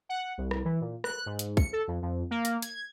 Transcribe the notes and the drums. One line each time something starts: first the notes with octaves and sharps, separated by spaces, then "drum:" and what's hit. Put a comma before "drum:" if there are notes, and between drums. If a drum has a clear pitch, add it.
F#5
C2
drum: rim click
E3
A#2
F#6, drum: rim click
G#2
drum: hi-hat
C#7, drum: kick
A4
F2
F2
A#3
drum: hi-hat
G#6, drum: hi-hat